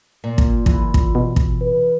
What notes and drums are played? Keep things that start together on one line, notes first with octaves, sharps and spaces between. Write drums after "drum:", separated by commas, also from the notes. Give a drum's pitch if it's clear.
A#2
drum: kick
E3, drum: kick
drum: kick
B2
drum: kick
B4